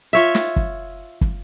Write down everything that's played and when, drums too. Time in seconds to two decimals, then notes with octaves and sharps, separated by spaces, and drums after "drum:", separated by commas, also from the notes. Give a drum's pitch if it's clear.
0.13 F4 C#5 E5
0.35 drum: snare
0.56 drum: kick
1.21 drum: kick